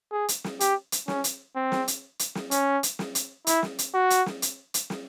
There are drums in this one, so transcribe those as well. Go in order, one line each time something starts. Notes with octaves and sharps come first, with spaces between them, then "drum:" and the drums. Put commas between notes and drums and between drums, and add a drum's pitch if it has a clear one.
G#4
drum: hi-hat
drum: snare
G4, drum: hi-hat
drum: hi-hat
C#4, drum: snare
drum: hi-hat
C4
drum: snare
drum: hi-hat
drum: hi-hat
drum: snare
C#4, drum: hi-hat
drum: hi-hat
drum: snare
drum: hi-hat
E4, drum: hi-hat
drum: snare
drum: hi-hat
F#4
drum: hi-hat
drum: snare
drum: hi-hat
drum: hi-hat
drum: snare